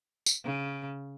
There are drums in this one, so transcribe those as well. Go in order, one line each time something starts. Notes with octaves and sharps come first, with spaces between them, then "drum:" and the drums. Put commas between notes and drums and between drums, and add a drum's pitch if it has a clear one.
drum: tambourine
C#3